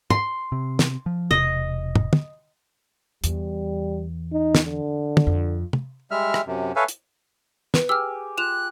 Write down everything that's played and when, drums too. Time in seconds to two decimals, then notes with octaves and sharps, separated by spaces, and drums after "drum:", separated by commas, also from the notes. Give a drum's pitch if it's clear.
0.10 C6, drum: tom
0.52 C3
0.79 drum: snare
1.06 F3
1.31 E1 C3 D#5
1.95 drum: tom
2.13 drum: tom
3.24 E2 G3, drum: hi-hat
4.32 D#4
4.55 drum: snare
4.65 D3
5.17 drum: tom
5.27 F2
5.73 drum: tom
6.11 G3 G#3 E5 F6
6.34 drum: rim click
6.46 F#2 C3
6.76 A4 B4 C#5 E5 F5 G#5
6.88 drum: hi-hat
7.74 B4, drum: snare
7.89 G4 G#4 E6 F6
8.38 F4 F#6 E7 F7